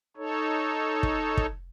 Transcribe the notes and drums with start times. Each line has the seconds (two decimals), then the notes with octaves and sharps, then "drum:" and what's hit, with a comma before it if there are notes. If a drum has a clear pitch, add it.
0.17 D#4 A4 C#5
1.03 drum: kick
1.37 drum: kick